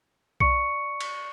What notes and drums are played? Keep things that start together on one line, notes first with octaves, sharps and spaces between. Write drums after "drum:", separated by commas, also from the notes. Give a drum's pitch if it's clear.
D5 C#6 C#7, drum: kick B1
drum: cymbal